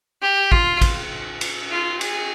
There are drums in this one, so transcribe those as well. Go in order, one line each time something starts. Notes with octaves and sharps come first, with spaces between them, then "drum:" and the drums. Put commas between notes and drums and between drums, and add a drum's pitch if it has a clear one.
G4
F4, drum: kick
drum: kick, cymbal
drum: cymbal
F4
G#4, drum: cymbal